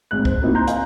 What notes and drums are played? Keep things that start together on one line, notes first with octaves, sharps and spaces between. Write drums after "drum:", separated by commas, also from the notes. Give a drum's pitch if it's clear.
G#1 G#2 F#6
C5, drum: kick
A#3 C4 D#4 E4 F#4
A#5 C6 G6
D#5 F5 G#5, drum: hi-hat